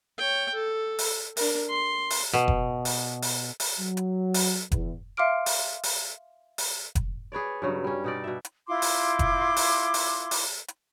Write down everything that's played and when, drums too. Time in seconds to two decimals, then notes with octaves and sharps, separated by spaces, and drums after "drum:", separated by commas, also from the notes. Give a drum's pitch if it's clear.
0.18 C#5 G5
0.54 A4
0.99 drum: open hi-hat
1.37 D4 A#4, drum: open hi-hat
1.70 C6
2.10 drum: open hi-hat
2.33 B2
2.48 drum: kick F1
2.85 drum: open hi-hat
3.22 drum: open hi-hat
3.60 drum: open hi-hat
3.79 F#3
3.97 drum: hi-hat
4.34 drum: open hi-hat
4.72 E2, drum: kick F1, hi-hat
5.17 E5 F5 C6 D6 F6 D7
5.46 drum: open hi-hat
5.83 drum: open hi-hat
6.58 drum: open hi-hat
6.95 drum: kick F1, hi-hat
7.32 G#4 B4 C#5 D5
7.62 G2 C#3 F#3
7.84 G3 C#4
8.04 B2 D#4 D5
8.24 B2 E5
8.45 drum: hi-hat
8.67 E4 F4 C6 D6
8.82 drum: open hi-hat
9.19 drum: kick F1, hi-hat
9.56 drum: open hi-hat
9.94 drum: open hi-hat
10.31 drum: open hi-hat
10.68 drum: hi-hat